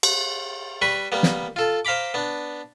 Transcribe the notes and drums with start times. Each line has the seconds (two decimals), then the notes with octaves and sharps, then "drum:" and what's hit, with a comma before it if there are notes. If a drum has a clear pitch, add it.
0.03 drum: cymbal
0.82 G3 B4 B5 C#6
1.12 G3 A#3 B3
1.23 drum: snare
1.56 F4 A4
1.85 C5 F5 A#5 B5 D6
2.14 B3 D4